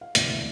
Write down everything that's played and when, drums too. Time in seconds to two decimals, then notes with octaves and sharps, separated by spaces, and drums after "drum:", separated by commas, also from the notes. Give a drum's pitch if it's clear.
0.01 F5
0.15 E1 D2 C3 E3 D5 E5, drum: hi-hat